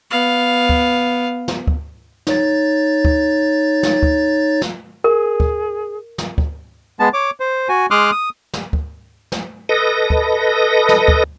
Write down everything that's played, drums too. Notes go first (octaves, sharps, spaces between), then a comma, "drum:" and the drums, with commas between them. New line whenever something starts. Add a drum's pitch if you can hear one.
B3 F5
drum: kick D2
drum: snare
drum: kick D2
D#4 C#5 A6, drum: snare
drum: kick D2
drum: snare
drum: kick D2
drum: snare
G#4 A#4
drum: kick D2
drum: snare
drum: kick D2
G#3 B3 A5
C#5 D6
C5
F#4 G#5
G#3 C6 D6 D#6 F6 F#6
D#6
drum: snare
drum: kick D2
drum: snare
A4 B4 D#5 A#6
drum: kick D2
drum: snare
drum: kick D2